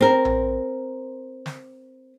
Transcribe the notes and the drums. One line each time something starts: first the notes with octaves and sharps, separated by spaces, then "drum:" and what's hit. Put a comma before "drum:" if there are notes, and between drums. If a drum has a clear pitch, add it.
C4 A#4
drum: tom A#1
drum: snare